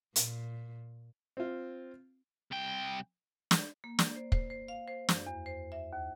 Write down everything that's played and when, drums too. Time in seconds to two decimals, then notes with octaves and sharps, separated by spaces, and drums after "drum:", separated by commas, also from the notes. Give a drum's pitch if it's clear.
0.16 A#2, drum: hi-hat
1.37 C4 F4
2.51 C2 G5
3.51 drum: snare
3.84 A#3
3.99 D5, drum: snare
4.16 C5
4.32 C5, drum: kick
4.50 C5
4.68 F5
4.88 C5
5.09 F#2, drum: snare
5.27 E2
5.46 C5
5.72 E5
5.93 D#2